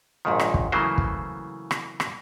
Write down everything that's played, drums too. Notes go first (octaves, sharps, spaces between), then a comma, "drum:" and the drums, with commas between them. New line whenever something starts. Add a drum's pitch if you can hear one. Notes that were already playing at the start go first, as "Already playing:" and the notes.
A#1 D#2 G#2 D#3
drum: rim click
drum: kick
C#3 E3 F#3 A3 A#3 C5
drum: kick
drum: rim click
drum: rim click